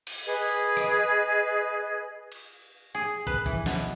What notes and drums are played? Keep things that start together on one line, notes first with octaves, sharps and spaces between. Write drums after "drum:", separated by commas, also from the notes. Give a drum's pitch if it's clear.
drum: cymbal
G#4 B4 D#5
drum: rim click
drum: cymbal
G#4
B4, drum: kick
E3, drum: kick
B2, drum: snare